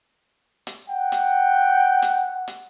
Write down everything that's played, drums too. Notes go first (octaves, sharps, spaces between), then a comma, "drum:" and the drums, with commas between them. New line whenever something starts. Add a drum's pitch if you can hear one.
drum: hi-hat
F#5 G5
drum: hi-hat
drum: hi-hat
drum: hi-hat